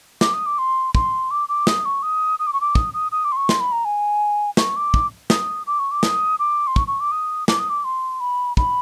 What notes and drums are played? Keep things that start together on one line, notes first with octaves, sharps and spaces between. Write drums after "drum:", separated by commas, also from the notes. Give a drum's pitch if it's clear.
D6, drum: snare
D#6
D6
C6
C6, drum: kick
D6
D6
D#6, drum: snare
C#6
D#6
D#6
D6
C#6
D6
D#6, drum: kick
D#6
D#6
D6
C6
C#6
C6, drum: snare
B5
A#5
G#5
C#6, drum: snare
D6
drum: kick
D#6, drum: snare
D6
C#6
D6
D#6, drum: snare
D6
C6
C#6, drum: kick
C#6
D6
D#6
D6, drum: snare
D#6
D6
C6
B5
B5, drum: kick